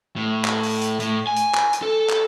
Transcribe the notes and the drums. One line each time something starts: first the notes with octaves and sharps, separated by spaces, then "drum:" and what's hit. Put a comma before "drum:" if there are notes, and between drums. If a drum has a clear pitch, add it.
A2
drum: clap
drum: open hi-hat
drum: hi-hat
A2, drum: hi-hat
G#5
drum: hi-hat
drum: clap
drum: hi-hat
A4
drum: clap